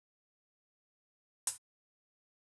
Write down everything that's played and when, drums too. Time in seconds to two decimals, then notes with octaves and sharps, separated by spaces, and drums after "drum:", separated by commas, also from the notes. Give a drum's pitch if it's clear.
0.16 F#2 D5 D#5
1.47 drum: hi-hat